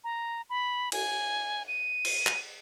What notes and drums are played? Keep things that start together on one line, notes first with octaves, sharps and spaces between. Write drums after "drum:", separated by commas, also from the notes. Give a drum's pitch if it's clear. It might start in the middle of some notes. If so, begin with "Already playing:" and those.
A#5
B5
G#5, drum: cymbal
D#7
drum: cymbal
drum: clap